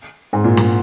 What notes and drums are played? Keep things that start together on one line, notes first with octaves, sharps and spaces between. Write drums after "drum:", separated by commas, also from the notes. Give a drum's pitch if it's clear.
G#2
A#2
drum: snare